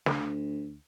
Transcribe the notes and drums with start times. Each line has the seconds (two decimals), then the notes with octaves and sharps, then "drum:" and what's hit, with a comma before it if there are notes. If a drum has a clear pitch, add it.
0.06 D2, drum: snare